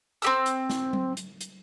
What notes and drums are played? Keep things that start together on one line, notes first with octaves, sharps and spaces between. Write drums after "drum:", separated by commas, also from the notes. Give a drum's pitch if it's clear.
C4 G4 E6, drum: hi-hat
drum: hi-hat
drum: snare
drum: tom F#3
drum: hi-hat
drum: hi-hat